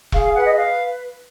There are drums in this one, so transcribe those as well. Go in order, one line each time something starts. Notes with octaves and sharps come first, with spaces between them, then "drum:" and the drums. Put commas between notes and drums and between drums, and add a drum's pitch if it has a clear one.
G#4 F5, drum: kick E1
F5
B4 F#5
D#5
B4 F5